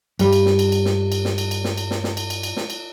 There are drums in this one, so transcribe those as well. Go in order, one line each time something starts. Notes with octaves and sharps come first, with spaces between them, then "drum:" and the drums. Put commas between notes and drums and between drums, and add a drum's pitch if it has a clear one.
G2 G3, drum: cymbal
drum: cymbal
drum: snare
drum: cymbal
drum: cymbal
drum: snare
drum: cymbal
drum: snare
drum: cymbal
drum: cymbal
drum: snare
drum: cymbal
drum: snare
drum: snare
drum: cymbal
drum: cymbal
drum: cymbal
drum: snare
drum: cymbal